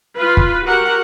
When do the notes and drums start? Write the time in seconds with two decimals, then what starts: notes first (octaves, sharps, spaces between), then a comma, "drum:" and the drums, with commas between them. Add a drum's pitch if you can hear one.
0.18 F4 B4
0.37 drum: kick
0.65 F#4 G4 A#4 F#5